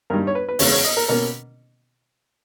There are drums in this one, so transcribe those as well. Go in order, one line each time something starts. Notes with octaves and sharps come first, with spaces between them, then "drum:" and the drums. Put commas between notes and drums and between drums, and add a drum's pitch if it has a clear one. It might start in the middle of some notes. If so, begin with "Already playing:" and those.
G2 D#3 G3 A#4
C#5
B4
B4
E2 C#3 G#3 B3 C#5, drum: open hi-hat
C#5
D#5
A#4
B2 A#3 C#4 A#4